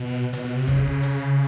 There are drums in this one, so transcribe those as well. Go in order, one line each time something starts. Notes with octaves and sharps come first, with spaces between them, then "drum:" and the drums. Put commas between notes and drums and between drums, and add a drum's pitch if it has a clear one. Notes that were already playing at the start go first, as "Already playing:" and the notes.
Already playing: B2
B2, drum: hi-hat
B2
C3
C#3, drum: kick G1, hi-hat
drum: hi-hat